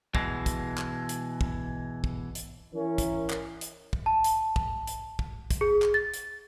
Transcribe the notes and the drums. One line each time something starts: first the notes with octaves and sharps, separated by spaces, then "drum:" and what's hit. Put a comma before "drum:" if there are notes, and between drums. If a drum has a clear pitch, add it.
B2 E3 G#3, drum: kick
drum: kick, hi-hat
drum: clap
drum: hi-hat
drum: kick
drum: kick
drum: hi-hat
E3 C#4 E4 A#4
drum: kick, hi-hat
drum: clap
drum: hi-hat
drum: kick
A5
drum: hi-hat
drum: kick
drum: hi-hat
drum: kick
drum: kick, hi-hat
G#4
drum: clap
A6
drum: hi-hat